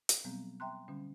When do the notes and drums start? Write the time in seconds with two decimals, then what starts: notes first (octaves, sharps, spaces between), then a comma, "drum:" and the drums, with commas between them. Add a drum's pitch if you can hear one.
0.09 drum: hi-hat
0.24 B2 F#3 G3 B3 C4
0.60 E5 G5 A#5 C6 F#6
0.88 D3 G3 C#4